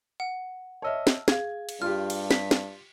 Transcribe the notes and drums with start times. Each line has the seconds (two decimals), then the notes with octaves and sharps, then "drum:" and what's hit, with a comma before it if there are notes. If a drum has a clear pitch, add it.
0.20 F#5
0.82 C#5 D#5 E5 A5 E6 F6
1.07 drum: snare
1.28 G#4 F5 G#6, drum: snare
1.69 drum: cymbal
1.82 G2 F4 G4 F6
2.10 drum: cymbal
2.31 B6, drum: snare
2.51 drum: snare